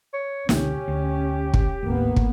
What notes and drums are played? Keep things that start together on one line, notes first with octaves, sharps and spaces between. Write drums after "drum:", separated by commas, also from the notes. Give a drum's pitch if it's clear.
C#5
C#2 B2 D3 C#4 G4, drum: snare
D2
drum: kick
G#1 D#2 A2 A#3 B3
drum: kick